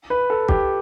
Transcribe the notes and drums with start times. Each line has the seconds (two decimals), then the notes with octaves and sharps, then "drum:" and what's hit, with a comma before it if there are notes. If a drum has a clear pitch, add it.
0.10 B4
0.30 A4
0.48 G4, drum: kick